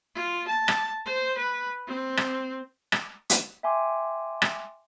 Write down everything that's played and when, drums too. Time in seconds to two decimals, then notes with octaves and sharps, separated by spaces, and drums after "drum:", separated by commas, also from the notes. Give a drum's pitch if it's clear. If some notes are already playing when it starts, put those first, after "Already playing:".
0.15 F4
0.47 A5
0.68 drum: rim click
1.05 C5
1.38 B4
1.87 C4
2.17 drum: rim click
2.92 drum: rim click
3.30 drum: hi-hat
3.63 E5 G5 G#5 C6 D6
4.42 drum: rim click